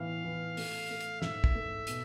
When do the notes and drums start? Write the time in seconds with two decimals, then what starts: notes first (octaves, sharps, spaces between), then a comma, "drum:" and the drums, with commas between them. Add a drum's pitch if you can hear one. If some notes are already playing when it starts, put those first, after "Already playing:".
Already playing: A2 E3 B3 F5
0.25 E3
0.57 A3, drum: open hi-hat
0.90 A3
1.01 drum: hi-hat
1.22 G#2 E5, drum: snare
1.44 drum: kick
1.55 A3
1.87 B2, drum: hi-hat